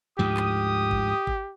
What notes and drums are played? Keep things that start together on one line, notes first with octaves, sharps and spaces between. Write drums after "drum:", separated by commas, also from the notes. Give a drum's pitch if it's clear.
D2 G#2 F3 G4 D#6
drum: clap
drum: kick
drum: kick